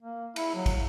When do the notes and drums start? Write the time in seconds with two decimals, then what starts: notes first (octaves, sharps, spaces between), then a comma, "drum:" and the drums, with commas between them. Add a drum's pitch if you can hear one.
0.02 A#3
0.36 E4, drum: cymbal
0.55 F#3
0.66 drum: kick, cymbal